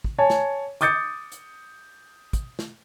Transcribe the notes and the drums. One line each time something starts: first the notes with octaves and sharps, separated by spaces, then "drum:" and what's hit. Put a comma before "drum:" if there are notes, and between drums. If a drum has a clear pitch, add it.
drum: kick
C#5 G#5 A5
drum: snare
D6 D#6 G6 A6 C#7, drum: hi-hat
drum: hi-hat
drum: kick, hi-hat
drum: snare